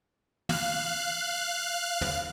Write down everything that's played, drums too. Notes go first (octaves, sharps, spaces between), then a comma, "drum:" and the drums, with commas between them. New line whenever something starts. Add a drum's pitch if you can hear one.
F5 F#6, drum: tom
drum: tom